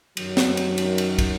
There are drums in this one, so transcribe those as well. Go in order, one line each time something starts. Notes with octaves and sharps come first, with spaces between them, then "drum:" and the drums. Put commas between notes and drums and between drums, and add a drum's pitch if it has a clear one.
F#2 D#3 F#3, drum: cymbal
drum: snare
drum: cymbal
drum: cymbal
drum: cymbal
drum: kick, cymbal